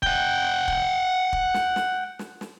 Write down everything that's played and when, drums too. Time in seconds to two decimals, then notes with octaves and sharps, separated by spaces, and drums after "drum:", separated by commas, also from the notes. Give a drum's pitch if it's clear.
0.03 F#5 G5, drum: kick
0.68 drum: kick
1.33 drum: kick
1.54 drum: snare
1.76 drum: snare
2.19 drum: snare
2.41 drum: snare